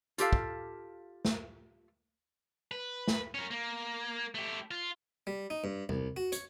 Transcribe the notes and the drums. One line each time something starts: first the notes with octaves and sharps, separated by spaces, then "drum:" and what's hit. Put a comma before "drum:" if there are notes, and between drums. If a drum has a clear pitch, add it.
F4 G4 A4 F5, drum: hi-hat
drum: kick
drum: snare
B4
drum: snare
C#4 A#4
A#3
A3 G4
F4
G3
D#4
G2
C2, drum: tom E2
F#4
C#5, drum: hi-hat